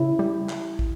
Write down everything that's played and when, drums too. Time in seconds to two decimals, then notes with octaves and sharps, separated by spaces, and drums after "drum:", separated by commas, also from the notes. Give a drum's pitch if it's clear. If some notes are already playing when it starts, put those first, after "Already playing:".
Already playing: C#3 E4
0.19 G3
0.49 drum: clap
0.79 drum: kick